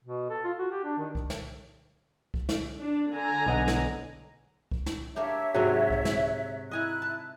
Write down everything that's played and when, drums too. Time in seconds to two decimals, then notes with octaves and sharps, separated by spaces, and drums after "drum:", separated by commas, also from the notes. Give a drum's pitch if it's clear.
0.04 B2
0.30 A4
0.44 F4
0.58 F#4
0.71 G4
0.84 D4
0.98 D#3
1.15 drum: kick C2
1.30 drum: snare
2.34 drum: kick C2
2.49 drum: snare
2.79 D4
3.13 D3 G#5 A#5
3.46 B1 D#5 F#5
3.68 drum: snare
4.72 drum: kick C2
4.86 drum: snare
5.16 A#3 D4 G4 C#5 E5
5.54 G#2 C3 F#3 C4
5.90 drum: kick C2
6.05 drum: snare
6.71 E4 D#5 G#5 A#5 F#6
7.02 A5